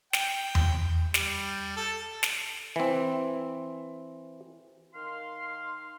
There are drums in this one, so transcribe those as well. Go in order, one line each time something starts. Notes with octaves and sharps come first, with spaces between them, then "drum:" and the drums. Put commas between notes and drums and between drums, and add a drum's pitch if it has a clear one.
G5, drum: snare
drum: tom E2
G3, drum: snare
A4
drum: snare
E3 C4
D#3 F5 C6